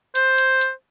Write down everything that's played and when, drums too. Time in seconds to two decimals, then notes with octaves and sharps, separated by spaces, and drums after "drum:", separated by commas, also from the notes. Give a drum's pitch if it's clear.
0.15 C5, drum: hi-hat
0.38 drum: hi-hat
0.61 drum: hi-hat